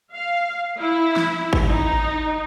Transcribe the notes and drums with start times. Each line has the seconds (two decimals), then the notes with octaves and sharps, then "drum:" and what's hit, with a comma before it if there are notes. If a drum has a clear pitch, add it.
0.13 F5
0.79 E4
1.16 drum: snare
1.53 drum: kick G#1
1.68 D#4